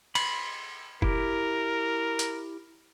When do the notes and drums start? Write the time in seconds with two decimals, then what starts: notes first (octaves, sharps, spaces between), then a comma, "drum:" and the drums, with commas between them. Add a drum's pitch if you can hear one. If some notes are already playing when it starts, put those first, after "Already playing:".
0.15 B5 C6, drum: cymbal
1.02 E4 G4 A#4, drum: kick F1
2.19 drum: hi-hat